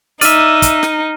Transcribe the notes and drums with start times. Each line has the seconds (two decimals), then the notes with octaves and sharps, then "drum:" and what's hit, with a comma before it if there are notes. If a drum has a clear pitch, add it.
0.21 D#4 D5 E5 F6 D#7, drum: open hi-hat
0.62 drum: kick, hi-hat
0.83 drum: snare